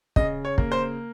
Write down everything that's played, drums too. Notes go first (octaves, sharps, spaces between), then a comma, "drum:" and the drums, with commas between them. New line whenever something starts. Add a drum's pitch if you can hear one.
C#3 D#5, drum: kick
C#5
A#3, drum: kick
C5